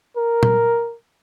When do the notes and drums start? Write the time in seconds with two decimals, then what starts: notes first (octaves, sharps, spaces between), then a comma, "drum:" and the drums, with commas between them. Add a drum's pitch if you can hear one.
0.17 A#4
0.43 drum: tom